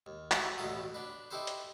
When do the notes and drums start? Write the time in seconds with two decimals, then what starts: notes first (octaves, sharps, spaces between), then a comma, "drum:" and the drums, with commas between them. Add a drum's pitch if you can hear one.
0.06 D#2
0.31 E4 F#4 G4 E5 F#5, drum: clap
0.58 A1 D2 B2 A3 A4 D#6
0.94 D4 B4
1.31 D#4 E4 G4 A4 B4 C5
1.47 drum: hi-hat